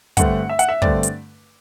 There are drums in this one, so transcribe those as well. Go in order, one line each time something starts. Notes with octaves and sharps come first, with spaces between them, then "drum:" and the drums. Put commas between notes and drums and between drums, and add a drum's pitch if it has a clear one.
G2 D3 A3 C4 F#5, drum: kick, hi-hat
E5
F#5, drum: hi-hat
E5
G2 D3 A3 C4 D5, drum: kick
drum: hi-hat